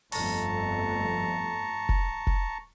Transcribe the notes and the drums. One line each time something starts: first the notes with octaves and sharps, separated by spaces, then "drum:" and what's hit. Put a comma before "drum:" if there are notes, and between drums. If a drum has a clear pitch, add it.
G1 F2 A3 A5 A#5 C#6, drum: open hi-hat
drum: kick F1
drum: kick F1